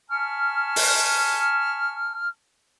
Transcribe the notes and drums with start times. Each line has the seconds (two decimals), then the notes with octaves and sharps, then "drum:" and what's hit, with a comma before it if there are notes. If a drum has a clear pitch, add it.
0.09 G#5 A5 B5 C#6 F6
0.76 drum: open hi-hat